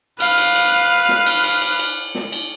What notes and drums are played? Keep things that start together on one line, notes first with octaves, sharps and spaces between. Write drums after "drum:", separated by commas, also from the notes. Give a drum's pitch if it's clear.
B4 F5, drum: cymbal
drum: cymbal
drum: cymbal
drum: snare
drum: cymbal
drum: cymbal
drum: cymbal
drum: cymbal
drum: snare
drum: cymbal